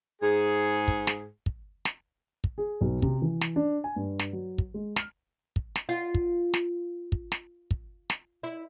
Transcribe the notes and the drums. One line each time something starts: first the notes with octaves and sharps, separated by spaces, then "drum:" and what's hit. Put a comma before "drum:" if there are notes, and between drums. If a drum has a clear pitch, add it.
G#2 G#4
drum: kick
drum: snare
drum: kick
drum: snare
drum: kick
G#4
B1
C3, drum: kick
E3
drum: snare
D4
G#5
G2
drum: snare
F#3
drum: kick
G#3
F6, drum: snare
drum: kick
drum: snare
F4
drum: kick
drum: snare
drum: kick
drum: snare
drum: kick
drum: snare
E4